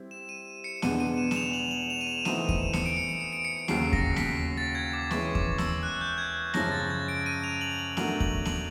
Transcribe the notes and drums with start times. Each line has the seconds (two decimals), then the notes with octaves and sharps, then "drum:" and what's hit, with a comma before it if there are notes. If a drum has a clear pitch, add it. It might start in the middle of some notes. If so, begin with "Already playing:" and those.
Already playing: G3 C4 E4
0.11 E7
0.29 D#7
0.64 C#7
0.82 E2 B2 G#3 B3 D4 D#7, drum: snare B3
1.00 D#7
1.18 E7
1.31 E7, drum: snare B3
1.36 F7
1.53 F#7
1.71 F#7
1.90 F7
2.01 D#7
2.07 E7
2.25 E3 A3 C4 D#4 F#4 D#7, drum: snare B3
2.49 D#7, drum: kick E2
2.73 C#7, drum: snare B3
2.86 D7
2.97 C#7
3.09 D7
3.21 C#7
3.33 D7
3.45 C#7
3.68 D#2 C#3 F#3 C7, drum: snare B3
3.93 A#6, drum: kick E2
4.16 B6, drum: snare B3
4.57 A6
4.75 G#6
4.93 D6
5.11 E3 G#3 C#4 C#6, drum: snare B3
5.35 D6, drum: kick E2
5.58 E6, drum: snare B3
5.83 F#6
6.01 G6
6.18 G#6
6.54 F#2 C#3 F3 G#3 C#4 A#6, drum: snare B3
6.72 A6
6.90 G#6
7.08 D7
7.26 D#7
7.44 F7
7.61 F#7
7.79 F#7
7.97 F#3 A3 D4 F#4 A#4 F#7, drum: snare B3
8.20 F#7, drum: kick E2
8.45 F#7, drum: snare B3